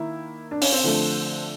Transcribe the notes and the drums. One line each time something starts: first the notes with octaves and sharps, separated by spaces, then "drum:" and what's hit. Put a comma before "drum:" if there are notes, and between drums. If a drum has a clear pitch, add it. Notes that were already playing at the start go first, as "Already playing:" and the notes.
Already playing: D#3 A#3 E4
D4
C#4, drum: open hi-hat
C4
D3 F3 A3